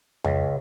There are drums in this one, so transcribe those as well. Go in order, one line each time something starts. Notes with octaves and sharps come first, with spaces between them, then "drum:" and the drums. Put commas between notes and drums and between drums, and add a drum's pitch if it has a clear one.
C#2, drum: tom F2